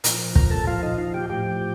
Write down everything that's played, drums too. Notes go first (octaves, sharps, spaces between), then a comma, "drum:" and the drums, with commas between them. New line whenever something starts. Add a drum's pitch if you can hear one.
A#2 F3 A#4 A#5, drum: hi-hat
A#4 A#5, drum: kick
A4 A5
A#2 F3 F4 F5
D#4 D#5
F4 F5
G4 G5
A2 F3 G4 G5